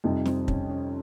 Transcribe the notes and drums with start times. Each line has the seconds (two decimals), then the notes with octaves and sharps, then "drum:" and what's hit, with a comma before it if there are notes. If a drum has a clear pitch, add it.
0.04 F2 C3 G3 D#4
0.25 C4, drum: snare
0.48 C#4, drum: kick
0.69 C#4